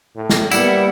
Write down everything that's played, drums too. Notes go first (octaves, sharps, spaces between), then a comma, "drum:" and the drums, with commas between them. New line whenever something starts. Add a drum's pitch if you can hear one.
A2
drum: snare
G3 A#3 B3 E4 F#5, drum: tambourine